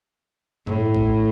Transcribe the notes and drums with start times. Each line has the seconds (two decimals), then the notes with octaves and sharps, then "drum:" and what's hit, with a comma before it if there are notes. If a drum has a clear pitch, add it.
0.67 A2, drum: tom G2
0.95 drum: kick A1